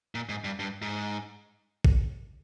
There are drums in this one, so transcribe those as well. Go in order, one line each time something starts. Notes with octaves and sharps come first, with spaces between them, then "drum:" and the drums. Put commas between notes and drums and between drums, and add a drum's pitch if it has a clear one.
A#2
G#2
G2
G2
G#2
drum: kick A1